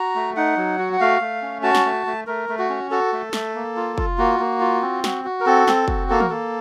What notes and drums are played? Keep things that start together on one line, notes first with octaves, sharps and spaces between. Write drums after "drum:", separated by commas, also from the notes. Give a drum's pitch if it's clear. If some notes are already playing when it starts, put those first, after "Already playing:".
Already playing: F#4 A#5
A3
D#4 F#5
F#3
F#4
F#5
A3 F5
A3
C#4
F#4 A5
drum: snare
A3
A3
A3 A#4
A3
F#4
C#4
F#4 A4
A3
A3, drum: snare
A#3
F4
F4, drum: kick
A#3 F#4
A#3
F4
C4
F#4, drum: snare
F#4
A#4
C4 A4
C4, drum: snare
F#4, drum: kick
A#3 A4
A#4, drum: tom
A#3 A4